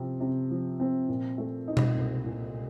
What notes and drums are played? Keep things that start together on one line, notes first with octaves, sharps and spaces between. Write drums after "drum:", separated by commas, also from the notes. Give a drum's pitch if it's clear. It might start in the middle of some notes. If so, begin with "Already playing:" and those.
Already playing: C3 F3 C4
C3
F3
C4
A#2
A3
D#4
drum: tom B2
C2
A#2